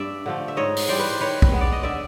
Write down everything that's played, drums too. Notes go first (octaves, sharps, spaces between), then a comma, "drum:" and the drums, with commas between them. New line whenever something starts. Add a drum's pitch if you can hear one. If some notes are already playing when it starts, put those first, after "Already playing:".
Already playing: G2 D5 E5
D3 F3 A3
E5
G#2 C#5 D#5
drum: open hi-hat
E3 G3 C5 D5
B4
C5
D#3 B4 C#5
drum: kick
G#3 B3
D5
D#5
D3 D5 E5